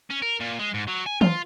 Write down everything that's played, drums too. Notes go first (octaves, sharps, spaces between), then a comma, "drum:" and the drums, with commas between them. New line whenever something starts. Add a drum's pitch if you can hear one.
C#4
A#4
A#2
G#3
G#2
F#3
G#5
F4, drum: tom